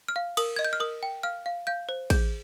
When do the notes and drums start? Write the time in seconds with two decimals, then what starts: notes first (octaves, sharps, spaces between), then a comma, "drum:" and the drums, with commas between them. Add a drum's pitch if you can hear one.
0.08 F6
0.16 F5
0.37 A#4 D#6, drum: cymbal
0.56 D#5 G#6
0.65 G6
0.73 F6
0.80 A#4 D#6
1.03 G5
1.23 F5 F6
1.46 F5
1.67 F5 G6
1.89 C5
2.10 G#4 G6, drum: kick, cymbal